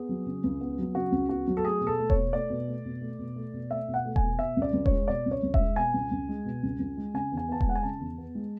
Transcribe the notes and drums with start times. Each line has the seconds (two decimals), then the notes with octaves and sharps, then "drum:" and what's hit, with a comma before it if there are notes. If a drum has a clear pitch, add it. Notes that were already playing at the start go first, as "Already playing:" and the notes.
Already playing: B3 G#4
0.09 F#3
0.26 C#3
0.44 C#2
0.61 B3
0.79 F#3
0.95 C#3 F#4
1.12 C#2
1.29 B3 F#4
1.47 F#3
1.57 A4
1.64 A3 G#4
1.81 B2
1.87 A4
1.99 A3
2.10 C#5, drum: kick E1
2.15 B2
2.33 A3 D5
2.50 B2
2.67 A3
2.85 B2
3.01 A3
3.19 B2
3.36 A3
3.53 B2
3.70 A3 E5
3.88 B2
3.94 F#5
4.05 A3
4.16 G#5, drum: kick E1
4.22 B2
4.39 B2 E5
4.57 C#2
4.62 D5
4.73 C#2
4.86 C#5, drum: kick E1
4.91 G#3
5.08 B2 D5
5.26 C#2
5.31 C#5
5.43 C#2
5.54 E5, drum: kick E1
5.59 G#3
5.76 B2 G#5
5.94 C#2
6.11 C#2
6.29 G#3
6.45 B2
6.63 C#2
6.80 C#2
6.97 G#3
7.14 C#3 G#5
7.32 E2
7.37 G#5
7.49 B3 A5
7.61 G#5, drum: kick E1
7.66 G#3 F#5
7.75 G#5
7.83 C#3 A5
8.00 E2
8.18 B3
8.35 G#3